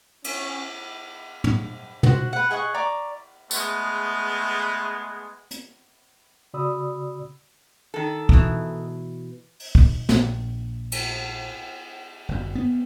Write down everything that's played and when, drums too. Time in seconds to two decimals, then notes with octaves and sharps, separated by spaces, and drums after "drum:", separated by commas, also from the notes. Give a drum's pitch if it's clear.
0.24 C#4, drum: cymbal
1.44 drum: tom
2.03 F#4 C5 F#5, drum: tom
2.33 B4 F#5
2.51 G#4 D#5 F#5 C#6
2.74 D5 A#5 C#6 D6
3.51 G#3 A3 B3 G#4, drum: tambourine
5.51 drum: hi-hat
6.54 C#3 F#4 D5 B5 D#6 E6
7.94 D#3 A4
8.29 B2 E3, drum: kick
9.60 drum: open hi-hat
9.75 drum: kick
10.09 A#1, drum: snare
10.92 drum: cymbal
12.29 G1 F#2
12.55 B3